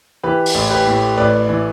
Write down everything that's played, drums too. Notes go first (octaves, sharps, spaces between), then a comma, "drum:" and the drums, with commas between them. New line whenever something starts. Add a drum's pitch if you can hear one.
E3 G4 B4
drum: open hi-hat
A1
G4 B4
A2
A1 B4 D5
E3